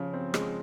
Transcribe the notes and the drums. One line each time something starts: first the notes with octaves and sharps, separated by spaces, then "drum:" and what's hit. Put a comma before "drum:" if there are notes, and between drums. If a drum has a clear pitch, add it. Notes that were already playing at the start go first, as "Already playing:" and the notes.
Already playing: C#3 F3
C4
G#3, drum: rim click